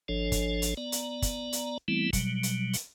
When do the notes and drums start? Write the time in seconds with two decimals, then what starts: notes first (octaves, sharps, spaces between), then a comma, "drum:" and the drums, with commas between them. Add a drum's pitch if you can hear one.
0.08 G#1 F3 D4 A4 C#5
0.32 drum: kick, hi-hat
0.62 drum: hi-hat
0.77 B3 D5 A#5
0.92 drum: hi-hat
1.22 drum: kick, hi-hat
1.53 drum: hi-hat
1.88 E3 G3 A3 B3 C4 E4
2.13 B2 F#3 G3, drum: kick, hi-hat
2.43 drum: hi-hat
2.73 drum: hi-hat